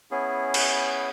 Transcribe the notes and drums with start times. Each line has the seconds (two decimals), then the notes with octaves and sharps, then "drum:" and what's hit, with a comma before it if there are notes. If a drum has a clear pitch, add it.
0.11 B3 C#4 E4 G#4
0.54 drum: cymbal